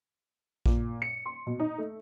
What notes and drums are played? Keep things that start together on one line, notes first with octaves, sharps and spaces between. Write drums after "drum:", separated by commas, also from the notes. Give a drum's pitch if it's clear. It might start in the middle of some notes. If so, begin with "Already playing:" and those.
A#2, drum: kick A#1
C#7
C6
B2
D#4
A3